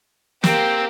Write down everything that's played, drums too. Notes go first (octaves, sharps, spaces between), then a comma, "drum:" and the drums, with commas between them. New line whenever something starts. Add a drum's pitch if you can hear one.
A#3 C4 G4, drum: snare